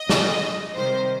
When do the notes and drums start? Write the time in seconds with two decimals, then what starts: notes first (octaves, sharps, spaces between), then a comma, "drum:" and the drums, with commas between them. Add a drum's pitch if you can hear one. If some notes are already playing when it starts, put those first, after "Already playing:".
Already playing: D#5
0.09 D3 G#3, drum: snare
0.75 C3 D#3 G3 C5